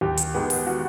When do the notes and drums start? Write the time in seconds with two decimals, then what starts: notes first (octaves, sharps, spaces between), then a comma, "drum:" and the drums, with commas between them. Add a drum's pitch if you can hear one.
0.01 D#2 G4
0.17 drum: hi-hat
0.34 D#3 G#3 B3
0.50 drum: open hi-hat
0.67 F#4